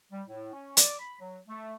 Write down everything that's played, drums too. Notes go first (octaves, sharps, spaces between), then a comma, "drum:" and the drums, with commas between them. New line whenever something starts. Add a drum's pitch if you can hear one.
G3
A2
C#4
D5, drum: hi-hat
B5
F#3
A3